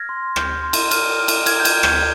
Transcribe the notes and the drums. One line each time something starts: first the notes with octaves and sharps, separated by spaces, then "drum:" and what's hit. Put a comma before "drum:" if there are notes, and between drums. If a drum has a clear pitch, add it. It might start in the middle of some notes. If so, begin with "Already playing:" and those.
Already playing: F6 G#6 A#6
C6
F6 G6, drum: rim click
C6
drum: cymbal
F6, drum: cymbal
F6
drum: cymbal
F6 G#6, drum: cymbal
G6
G#6, drum: cymbal
F6
G6, drum: rim click